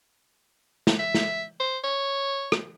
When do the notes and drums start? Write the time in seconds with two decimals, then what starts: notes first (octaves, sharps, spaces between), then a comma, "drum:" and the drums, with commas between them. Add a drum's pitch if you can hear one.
0.87 drum: snare
0.99 E5
1.15 drum: snare
1.60 C5
1.84 C#5
2.52 drum: rim click